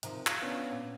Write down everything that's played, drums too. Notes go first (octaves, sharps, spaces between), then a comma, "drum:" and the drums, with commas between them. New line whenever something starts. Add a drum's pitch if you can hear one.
C3 D#3 F3, drum: hi-hat
F4 E5 F5, drum: clap
B3 C#4 D4
A#2